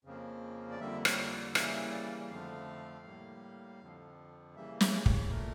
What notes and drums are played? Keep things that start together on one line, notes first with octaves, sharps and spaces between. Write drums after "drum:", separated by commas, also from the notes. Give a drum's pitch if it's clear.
F2 C#3 F3 A#3
D5
F2 D3 G3 A#3 E5
C#5, drum: rim click
D5
C#3 E3 G3 A#3 E5, drum: rim click
D5
F2 D3 F3 A3 F5
A2 G3 A#3
F2 D3 F3
C#3 E3 G3 A#3 E5
E5, drum: snare
C#5, drum: kick
A#2 A3 A#4